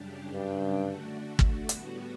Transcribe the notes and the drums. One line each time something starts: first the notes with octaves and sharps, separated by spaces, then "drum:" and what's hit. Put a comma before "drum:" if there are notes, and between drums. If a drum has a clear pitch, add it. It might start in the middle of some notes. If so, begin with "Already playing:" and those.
Already playing: F#2 C#3 G3 D4 G4
G2
D3 A3 D4 F#4
drum: kick
A2 G3 B3 F#4, drum: hi-hat